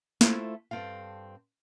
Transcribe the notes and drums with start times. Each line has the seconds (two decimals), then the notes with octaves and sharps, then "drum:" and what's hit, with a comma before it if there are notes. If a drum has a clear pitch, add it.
0.21 A3 E4 F4 C5, drum: snare
0.71 G2 C4 A4 F5